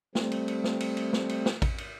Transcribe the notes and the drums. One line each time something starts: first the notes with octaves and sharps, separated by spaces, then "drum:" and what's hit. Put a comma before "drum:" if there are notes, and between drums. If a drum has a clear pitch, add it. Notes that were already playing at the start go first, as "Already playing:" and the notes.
G3 A3 C4, drum: snare
drum: cymbal
drum: cymbal
drum: snare
drum: cymbal
drum: cymbal
drum: snare
drum: cymbal
drum: snare
drum: kick A1, cymbal
drum: cymbal